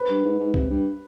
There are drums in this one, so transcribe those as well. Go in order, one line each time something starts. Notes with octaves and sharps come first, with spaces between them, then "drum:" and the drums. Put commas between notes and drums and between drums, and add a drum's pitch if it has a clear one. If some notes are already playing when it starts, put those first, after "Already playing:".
Already playing: B4
G2
G#2
G#2
C3, drum: kick C2
G2